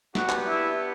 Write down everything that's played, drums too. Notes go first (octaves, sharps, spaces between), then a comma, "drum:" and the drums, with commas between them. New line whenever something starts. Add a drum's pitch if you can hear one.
B3 D4 F#4 G4, drum: snare
drum: clap
E4